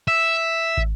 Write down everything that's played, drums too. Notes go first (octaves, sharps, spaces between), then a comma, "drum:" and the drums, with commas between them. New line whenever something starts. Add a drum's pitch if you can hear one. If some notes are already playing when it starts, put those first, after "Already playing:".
E5
drum: kick